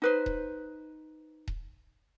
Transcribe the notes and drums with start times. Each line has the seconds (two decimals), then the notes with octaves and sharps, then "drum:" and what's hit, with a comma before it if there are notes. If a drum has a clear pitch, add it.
0.02 D#4 B4 C5
0.26 drum: kick D#1
1.48 drum: kick D#1